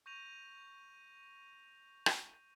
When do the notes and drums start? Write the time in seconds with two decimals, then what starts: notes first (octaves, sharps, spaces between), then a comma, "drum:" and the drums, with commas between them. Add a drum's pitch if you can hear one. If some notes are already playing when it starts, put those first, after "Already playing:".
0.06 C#6 G6 A#6 D#7 F7
2.06 drum: rim click